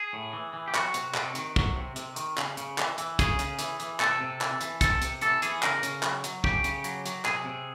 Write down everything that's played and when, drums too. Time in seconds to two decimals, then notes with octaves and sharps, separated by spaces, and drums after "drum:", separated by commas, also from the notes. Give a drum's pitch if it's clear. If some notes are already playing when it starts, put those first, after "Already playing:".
Already playing: G#4
0.13 A2
0.33 E3
0.53 E3
0.68 G4
0.75 F#3 F#4, drum: clap
0.94 C3, drum: hi-hat
1.14 C3, drum: clap
1.35 D#3, drum: hi-hat
1.56 F#3, drum: kick
1.76 C3
1.96 C3, drum: hi-hat
2.16 D#3, drum: hi-hat
2.38 C#3, drum: clap
2.57 C#3, drum: hi-hat
2.78 E3, drum: clap
2.98 E3, drum: hi-hat
3.19 C#3 G#4, drum: kick, hi-hat
3.39 C#3, drum: hi-hat
3.59 E3, drum: hi-hat
3.80 E3, drum: hi-hat
4.00 C3 A4, drum: clap
4.21 C3
4.41 E3, drum: clap
4.61 E3, drum: hi-hat
4.81 C3 A4, drum: kick, hi-hat
5.02 C3, drum: hi-hat
5.21 E3 A4, drum: hi-hat
5.42 E3 G#4, drum: hi-hat
5.63 C#3 A#4, drum: clap
5.83 C#3, drum: hi-hat
6.03 F#3, drum: clap
6.24 F#3, drum: hi-hat
6.44 C#3 G4, drum: kick
6.64 C#3, drum: hi-hat
6.84 F#3, drum: hi-hat
7.06 F#3, drum: hi-hat
7.25 C3 G#4, drum: clap
7.45 C3